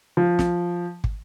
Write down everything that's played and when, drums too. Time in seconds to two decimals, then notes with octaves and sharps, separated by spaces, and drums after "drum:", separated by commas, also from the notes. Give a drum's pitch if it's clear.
0.17 F3
0.39 drum: snare
1.04 drum: kick